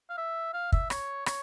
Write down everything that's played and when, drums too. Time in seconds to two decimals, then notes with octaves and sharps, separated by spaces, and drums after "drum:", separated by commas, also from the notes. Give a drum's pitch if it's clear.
0.10 F5
0.17 E5
0.54 F5
0.72 E5, drum: kick
0.90 C#5, drum: rim click
1.26 C#5, drum: rim click